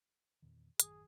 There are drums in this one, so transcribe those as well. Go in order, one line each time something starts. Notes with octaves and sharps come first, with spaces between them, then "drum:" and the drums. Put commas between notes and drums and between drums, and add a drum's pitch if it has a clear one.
E2 A#2 D#3
A1 F#2 D#3 G#4, drum: hi-hat